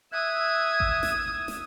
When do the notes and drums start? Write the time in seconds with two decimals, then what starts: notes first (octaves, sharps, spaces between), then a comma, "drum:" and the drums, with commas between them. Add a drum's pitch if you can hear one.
0.12 E5 D#6 E6 F#6 G#6
0.80 drum: kick G#1
1.03 drum: snare
1.48 drum: snare